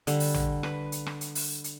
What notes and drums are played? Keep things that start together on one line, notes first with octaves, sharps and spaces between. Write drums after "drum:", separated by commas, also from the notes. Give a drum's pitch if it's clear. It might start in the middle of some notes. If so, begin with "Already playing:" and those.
D3 G3, drum: hi-hat
drum: open hi-hat
drum: tom A1
B4, drum: rim click
drum: hi-hat
drum: rim click
drum: hi-hat
drum: open hi-hat
drum: hi-hat